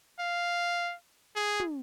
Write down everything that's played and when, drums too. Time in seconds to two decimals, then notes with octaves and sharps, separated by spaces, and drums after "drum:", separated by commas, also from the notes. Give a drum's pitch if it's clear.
0.20 F5
1.36 G#4
1.60 drum: tom